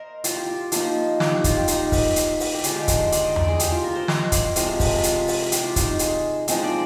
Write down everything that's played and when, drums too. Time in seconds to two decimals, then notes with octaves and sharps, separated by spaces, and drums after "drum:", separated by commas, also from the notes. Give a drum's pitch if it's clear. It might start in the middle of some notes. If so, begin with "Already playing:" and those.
Already playing: A#4 C5 D#5 F5
0.24 F4, drum: hi-hat
0.36 G4
0.46 F4
0.72 F3 A#3 D#4 F4, drum: hi-hat
1.20 G4, drum: snare
1.32 D#4
1.44 F4, drum: kick, hi-hat
1.57 G4
1.68 D#4, drum: hi-hat
1.92 drum: kick, open hi-hat
2.16 drum: hi-hat
2.40 drum: open hi-hat
2.54 G4
2.64 D3 G#3 D#4 F4, drum: hi-hat
2.76 G4
2.88 A#4, drum: kick, hi-hat
3.00 C5
3.12 D5, drum: hi-hat
3.24 D#5
3.36 D5, drum: tom E2
3.48 G#4
3.59 G4, drum: hi-hat
3.72 F4
3.84 A#4
3.96 C5
4.08 D#5, drum: snare
4.19 F5
4.32 D5, drum: kick, hi-hat
4.56 C3 F3 G#3 G#4, drum: hi-hat
4.80 drum: kick, open hi-hat
5.03 F4, drum: hi-hat
5.28 drum: open hi-hat
5.52 G4, drum: hi-hat
5.64 F4
5.76 D#4, drum: kick, hi-hat
5.87 F4
5.99 G#4, drum: hi-hat
6.48 F3 G#3 C4 D#4 C5, drum: hi-hat
6.64 D5